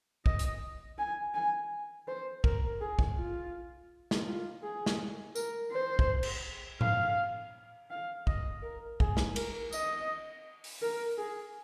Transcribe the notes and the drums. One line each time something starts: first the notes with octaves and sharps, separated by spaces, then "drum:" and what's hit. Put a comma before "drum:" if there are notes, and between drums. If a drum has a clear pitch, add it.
D#5, drum: kick A#1
drum: hi-hat
G#5
G#5
C5
A#4, drum: kick A#1
G#4
drum: kick A#1
F4
drum: snare
F4
G#4
drum: snare
A#4, drum: tambourine
C5
drum: kick A#1
drum: cymbal
F5, drum: tom A2
F5
D#5, drum: kick A#1
A#4
G#4, drum: kick A#1
drum: snare
A#4, drum: cymbal
D#5, drum: tambourine
drum: open hi-hat
A#4
G#4